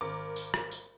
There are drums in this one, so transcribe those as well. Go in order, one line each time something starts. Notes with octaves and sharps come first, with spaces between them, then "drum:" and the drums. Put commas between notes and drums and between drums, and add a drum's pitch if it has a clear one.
G#1 A#4 D6
drum: tambourine
drum: rim click
drum: tambourine